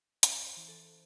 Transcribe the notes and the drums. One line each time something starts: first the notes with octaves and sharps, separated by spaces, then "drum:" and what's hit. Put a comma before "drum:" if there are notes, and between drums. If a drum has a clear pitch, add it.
C#4 C5, drum: hi-hat
C5
E3
A4